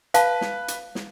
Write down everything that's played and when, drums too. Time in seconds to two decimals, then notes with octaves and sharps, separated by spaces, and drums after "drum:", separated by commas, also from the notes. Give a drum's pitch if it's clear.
0.14 B4 F5 A5, drum: hi-hat
0.41 drum: snare
0.68 drum: hi-hat
0.95 drum: snare